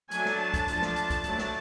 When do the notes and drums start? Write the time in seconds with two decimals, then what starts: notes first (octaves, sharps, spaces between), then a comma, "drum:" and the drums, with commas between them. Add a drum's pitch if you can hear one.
0.11 F#3 A3 D4 G#5, drum: hi-hat
0.25 drum: snare
0.39 A5
0.54 drum: kick, hi-hat
0.68 F3 A3 D4, drum: hi-hat
0.82 drum: snare
0.96 drum: hi-hat
1.10 drum: kick, hi-hat
1.24 F#3 A3 D4, drum: hi-hat
1.39 drum: snare